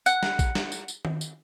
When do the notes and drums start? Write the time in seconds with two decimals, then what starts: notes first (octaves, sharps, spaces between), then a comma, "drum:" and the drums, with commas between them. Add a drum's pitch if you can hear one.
0.06 F#5, drum: tambourine
0.23 drum: snare
0.39 drum: kick A#1, tambourine
0.55 drum: snare
0.72 drum: tambourine
0.88 drum: tambourine
1.05 drum: tom D#3
1.21 drum: tambourine